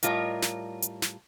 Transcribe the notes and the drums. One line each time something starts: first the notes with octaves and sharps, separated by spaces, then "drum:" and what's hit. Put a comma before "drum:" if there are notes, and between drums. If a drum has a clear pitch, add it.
A2 G3 F4 A#4 C#5 D#5, drum: hi-hat
drum: snare
drum: hi-hat
drum: snare